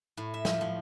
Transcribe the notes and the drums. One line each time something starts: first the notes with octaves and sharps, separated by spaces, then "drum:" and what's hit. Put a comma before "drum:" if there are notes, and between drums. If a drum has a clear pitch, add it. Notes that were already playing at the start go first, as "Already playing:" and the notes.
A2
E5
F3, drum: snare
F3